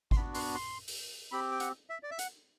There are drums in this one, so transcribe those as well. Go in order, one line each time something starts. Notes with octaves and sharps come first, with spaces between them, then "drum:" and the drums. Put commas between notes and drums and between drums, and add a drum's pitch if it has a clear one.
C6, drum: kick G#1
B3 D4 F#4 B5
C6, drum: open hi-hat
C6
drum: open hi-hat
C4 G4 B5
G5
F#5, drum: hi-hat
E5
D5
E5
F#5, drum: hi-hat